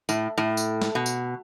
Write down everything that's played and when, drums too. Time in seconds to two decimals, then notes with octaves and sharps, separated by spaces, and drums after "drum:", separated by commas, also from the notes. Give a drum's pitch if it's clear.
0.09 A2, drum: tambourine
0.38 A2
0.57 drum: tambourine
0.82 drum: snare
0.95 B2
1.06 drum: tambourine